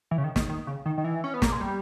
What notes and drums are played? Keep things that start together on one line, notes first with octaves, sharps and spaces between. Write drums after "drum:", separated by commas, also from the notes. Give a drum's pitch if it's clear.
E3
C#3
D#3
D#3, drum: snare
D#3
C#3
D#3
D#3
E3
C#4
B3
A#3, drum: snare
G#3
G3